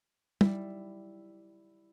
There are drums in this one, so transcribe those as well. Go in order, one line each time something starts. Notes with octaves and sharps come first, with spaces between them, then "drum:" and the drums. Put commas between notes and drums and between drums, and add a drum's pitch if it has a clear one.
G3 E4, drum: tom